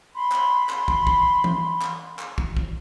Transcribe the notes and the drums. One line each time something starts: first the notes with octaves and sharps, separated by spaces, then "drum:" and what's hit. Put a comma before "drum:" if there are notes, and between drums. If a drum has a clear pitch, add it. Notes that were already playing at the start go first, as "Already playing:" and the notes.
B5 C6
drum: clap
drum: clap
drum: kick
drum: kick
drum: tom E3
drum: clap
drum: clap
drum: kick
drum: kick